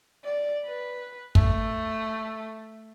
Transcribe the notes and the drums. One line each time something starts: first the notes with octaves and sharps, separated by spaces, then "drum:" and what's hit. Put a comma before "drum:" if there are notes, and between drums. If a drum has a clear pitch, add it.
D5
B4
A3, drum: kick